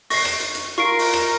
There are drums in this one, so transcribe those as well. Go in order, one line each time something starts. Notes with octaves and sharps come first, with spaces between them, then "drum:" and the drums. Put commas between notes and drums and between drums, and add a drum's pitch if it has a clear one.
C#6 A#6 C7, drum: open hi-hat
drum: rim click
drum: hi-hat
drum: hi-hat
F4 A#4 C#6 C7 D7
drum: open hi-hat
drum: rim click